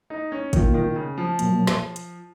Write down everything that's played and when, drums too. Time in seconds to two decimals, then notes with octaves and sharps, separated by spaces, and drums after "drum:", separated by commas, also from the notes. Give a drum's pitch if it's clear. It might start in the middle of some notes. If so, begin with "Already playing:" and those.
0.10 D#4
0.32 C#4
0.53 B2 D#3 A#3 F4, drum: kick, hi-hat
0.74 D#3
0.96 C#3
1.18 F3
1.39 B2 F#3 A#3, drum: hi-hat
1.67 drum: snare
1.96 drum: hi-hat